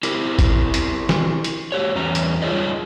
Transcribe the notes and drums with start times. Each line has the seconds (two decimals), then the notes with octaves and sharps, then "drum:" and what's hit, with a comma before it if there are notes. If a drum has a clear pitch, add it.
0.03 E4 G4 A#4, drum: hi-hat
0.39 drum: kick G#1, hi-hat
0.74 drum: hi-hat
1.09 drum: snare
1.44 drum: hi-hat
1.72 F#4 G4 C#5
1.95 E2 C#4 A#5
2.15 drum: hi-hat
2.42 G3 D#4 F4 G#4 C#5 D#5